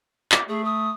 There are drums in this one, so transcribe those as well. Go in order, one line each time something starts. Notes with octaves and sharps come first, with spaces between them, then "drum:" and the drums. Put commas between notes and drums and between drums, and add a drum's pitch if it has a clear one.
D6, drum: clap
A3 G#4
D#6